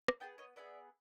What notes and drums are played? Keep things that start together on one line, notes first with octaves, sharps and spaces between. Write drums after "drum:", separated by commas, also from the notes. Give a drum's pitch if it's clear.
drum: rim click
B3 E4 G#4 G5 A5
C#5 D#5
B3 E4 G#4 D5 E5